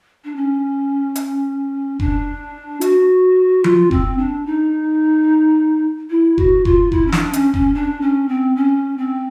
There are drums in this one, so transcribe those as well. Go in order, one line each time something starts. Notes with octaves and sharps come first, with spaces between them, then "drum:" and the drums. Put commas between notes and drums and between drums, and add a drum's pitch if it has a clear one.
D4
C#4
drum: hi-hat
D4, drum: kick F1
F#4, drum: hi-hat
F4, drum: tom F3
C4, drum: kick F1
D4
D#4
E4
F#4, drum: kick F1
F4, drum: kick F1
E4, drum: kick F1
C#4
D4, drum: snare
C#4, drum: hi-hat
C#4, drum: kick F1
D4
C#4
C4
C#4
C4